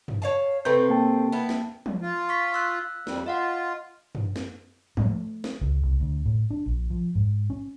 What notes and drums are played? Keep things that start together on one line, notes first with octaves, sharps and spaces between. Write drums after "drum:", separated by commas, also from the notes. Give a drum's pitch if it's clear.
drum: tom
C#5 F5 A5
C3 A3 C4 B4 G6
A#3 G5 A5
B3 E4
drum: snare
drum: tom
F4
C#6 B6
F5 E6 F#6
F2 G3, drum: snare
F4 D#5 F5 F#5
drum: tom
drum: snare
A2, drum: tom
A3
drum: snare
C#2
C2
D2
A2
D4
A#1
F3
G#2
C#4